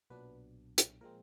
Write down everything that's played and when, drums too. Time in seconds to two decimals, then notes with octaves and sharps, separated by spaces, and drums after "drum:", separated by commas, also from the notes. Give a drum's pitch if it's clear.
0.10 B1 A#2 F#3 B3 D4 B4
0.78 drum: hi-hat
1.01 A#2 F3 G#3 C4 A#4